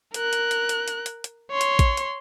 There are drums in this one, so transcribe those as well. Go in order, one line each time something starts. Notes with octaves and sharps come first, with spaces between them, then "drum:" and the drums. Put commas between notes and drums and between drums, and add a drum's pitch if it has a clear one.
A#4 F#6, drum: hi-hat
drum: hi-hat
drum: hi-hat
drum: hi-hat
drum: hi-hat
drum: hi-hat
drum: hi-hat
C#5 C6
drum: hi-hat
drum: kick A#1, hi-hat
drum: hi-hat